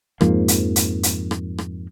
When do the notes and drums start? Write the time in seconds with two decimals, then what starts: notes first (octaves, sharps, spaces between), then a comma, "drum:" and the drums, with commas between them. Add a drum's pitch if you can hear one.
0.21 F2 G#2 F3 A#3, drum: rim click
0.48 drum: hi-hat
0.76 drum: hi-hat
1.03 drum: hi-hat
1.31 drum: rim click
1.58 drum: rim click